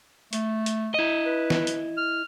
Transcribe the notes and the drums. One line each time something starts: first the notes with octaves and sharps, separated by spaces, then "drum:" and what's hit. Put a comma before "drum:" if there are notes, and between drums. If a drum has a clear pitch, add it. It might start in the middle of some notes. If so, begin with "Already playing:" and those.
A3, drum: hi-hat
drum: hi-hat
E4 D#5
B4
drum: snare
drum: hi-hat
F6